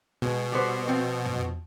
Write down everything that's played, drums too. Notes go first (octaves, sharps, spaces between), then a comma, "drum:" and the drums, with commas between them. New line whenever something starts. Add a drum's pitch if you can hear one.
B2 G#3
G3 B3 C5
F3 C4
drum: tom